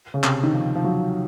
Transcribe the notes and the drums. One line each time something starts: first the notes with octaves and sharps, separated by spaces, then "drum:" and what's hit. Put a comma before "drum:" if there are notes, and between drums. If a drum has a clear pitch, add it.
C#3
C3, drum: clap
D#3
F3
F3
F#3